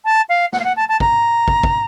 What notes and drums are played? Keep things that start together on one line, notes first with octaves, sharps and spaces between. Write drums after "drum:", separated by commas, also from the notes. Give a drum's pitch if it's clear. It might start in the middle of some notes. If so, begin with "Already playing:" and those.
A5
F5
F#5, drum: snare
F5
F#5
A5
A5
A#5, drum: kick
drum: kick
drum: kick